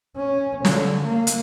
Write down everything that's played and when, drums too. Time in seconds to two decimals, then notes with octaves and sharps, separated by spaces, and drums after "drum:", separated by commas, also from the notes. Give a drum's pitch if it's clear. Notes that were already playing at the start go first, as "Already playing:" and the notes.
0.17 C#4
0.65 D3, drum: snare
1.04 A#3
1.27 drum: hi-hat